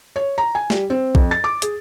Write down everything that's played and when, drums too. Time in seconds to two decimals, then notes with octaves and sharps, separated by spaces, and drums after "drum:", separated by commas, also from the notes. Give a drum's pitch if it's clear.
0.16 C#5
0.38 A#5
0.55 G#5
0.70 G3, drum: snare
0.90 C4
1.15 F2, drum: kick A#1
1.31 A6
1.44 D6
1.62 G#4, drum: hi-hat